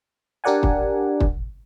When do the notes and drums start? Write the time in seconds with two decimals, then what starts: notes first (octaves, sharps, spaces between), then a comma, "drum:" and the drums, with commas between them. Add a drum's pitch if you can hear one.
0.44 D4 G4 A#4 D5 F#5 G#5
0.63 drum: kick
1.20 drum: kick